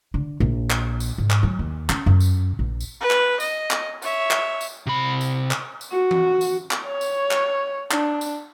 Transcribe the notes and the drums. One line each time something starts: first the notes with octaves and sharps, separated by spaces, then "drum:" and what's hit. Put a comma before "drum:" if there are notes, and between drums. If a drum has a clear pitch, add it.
D3
A#1
drum: clap
drum: tambourine
G#2
drum: clap
F#3
D#2
C#4, drum: clap
F#2
drum: tambourine
A#1
drum: tambourine
B4
drum: clap
D#5, drum: tambourine
drum: clap
C#5 E5, drum: tambourine
drum: clap
drum: tambourine
C3 B5
drum: tambourine
drum: clap
drum: tambourine
F#4
drum: tom E3
drum: tambourine
drum: clap
C#5
drum: tambourine
drum: clap
D4, drum: clap
drum: tambourine